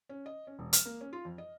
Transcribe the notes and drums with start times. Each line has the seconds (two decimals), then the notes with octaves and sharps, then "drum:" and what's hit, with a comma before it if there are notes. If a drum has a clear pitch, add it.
0.09 C#4
0.26 D#5
0.47 C#4
0.59 E1
0.73 F6, drum: hi-hat
0.85 A#3
1.01 C#4
1.13 F4
1.25 F2
1.38 D#5